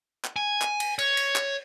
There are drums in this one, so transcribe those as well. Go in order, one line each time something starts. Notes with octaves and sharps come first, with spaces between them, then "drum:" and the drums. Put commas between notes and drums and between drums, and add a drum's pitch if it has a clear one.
drum: clap
G#5
drum: clap
drum: cymbal
C#5, drum: cymbal
drum: cymbal
drum: clap